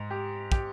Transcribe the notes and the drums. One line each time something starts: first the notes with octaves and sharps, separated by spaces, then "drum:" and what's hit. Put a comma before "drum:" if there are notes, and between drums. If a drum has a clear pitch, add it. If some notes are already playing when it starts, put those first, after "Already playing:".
Already playing: G#2
G4
G4, drum: kick